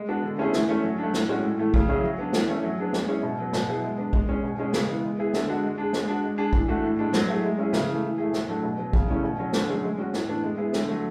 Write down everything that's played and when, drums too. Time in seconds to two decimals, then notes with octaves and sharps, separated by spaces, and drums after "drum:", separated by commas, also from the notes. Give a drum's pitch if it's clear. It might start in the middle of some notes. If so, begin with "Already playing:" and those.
Already playing: G#3
0.08 B3 D4 F#4
0.23 D3
0.38 A3 C#4 E4 G#4
0.53 E3, drum: snare
0.68 A3 C#4
0.83 F#3
0.98 A3 D4
1.14 A2, drum: snare
1.29 G#3 C#4 F#4
1.44 A2
1.59 E3 A3
1.74 C#3, drum: kick
1.88 F#3 C#4 E4 G#4
2.03 F#3
2.18 B3 D4
2.33 E3, drum: snare
2.48 A3 C#4 E4
2.63 F#3
2.78 B3 D4 G#4
2.93 G#3, drum: snare
3.08 C#4 E4 G#4
3.23 B2
3.39 F#3 B3
3.53 B2, drum: snare
3.68 F#3 B3 E4 G#4
3.83 G#3
3.98 B3 D4
4.13 G#3, drum: kick
4.29 C#4 G#4
4.43 B2
4.58 G#3 C#4 G#4
4.73 C#3, drum: snare
4.88 E3 G#3 B3
5.04 G#3
5.18 B3 E4 G#4
5.33 D3, drum: snare
5.49 G#3 D4 F#4
5.63 G#3
5.78 D4 G#4
5.93 G#3, drum: snare
6.08 D4 F#4
6.24 G#3
6.38 D4 G#4
6.53 E3, drum: kick
6.68 A3 D4 F#4
6.83 A2
6.99 G#3 D4
7.13 F#3, drum: snare
7.28 A3 E4 G#4
7.43 G#3
7.58 C#4 E4 G#4
7.73 C#3, drum: snare
7.88 E3 A3
8.03 E3
8.18 A3 E4 G#4
8.33 A2, drum: snare
8.48 F#3 A3 D4
8.63 B2
8.78 F#3 B3
8.93 C#3, drum: kick
9.08 E3 A3 C#4
9.23 B2
9.39 F#3 C#4
9.53 D3, drum: snare
9.68 F#3 A3 C#4 G#4
9.83 G#3
9.98 C#4 F#4
10.14 A2, drum: snare
10.28 E3 B3 D4
10.43 G#3
10.58 B3 E4 G#4
10.73 D3, drum: snare
10.88 F#3 A3